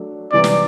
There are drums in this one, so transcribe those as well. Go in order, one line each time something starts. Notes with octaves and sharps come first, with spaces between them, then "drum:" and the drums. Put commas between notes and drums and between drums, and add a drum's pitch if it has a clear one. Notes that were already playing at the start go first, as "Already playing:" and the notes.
Already playing: F#3 A3 D4
C3 E3 G3 C4 D5
drum: snare